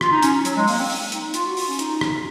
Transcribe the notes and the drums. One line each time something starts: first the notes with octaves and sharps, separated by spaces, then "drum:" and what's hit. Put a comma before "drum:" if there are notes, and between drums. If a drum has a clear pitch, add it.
F4, drum: rim click
D#4
C#4, drum: hi-hat
F#3, drum: hi-hat
G#3
A#3, drum: open hi-hat
C4
drum: open hi-hat
D#4, drum: hi-hat
F4, drum: hi-hat
F#4
F4, drum: open hi-hat
C#4
D#4, drum: hi-hat
drum: rim click